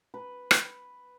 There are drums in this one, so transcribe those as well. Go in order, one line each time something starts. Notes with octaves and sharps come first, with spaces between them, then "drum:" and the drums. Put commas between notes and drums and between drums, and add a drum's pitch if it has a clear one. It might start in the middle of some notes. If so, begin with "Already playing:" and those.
B4
drum: rim click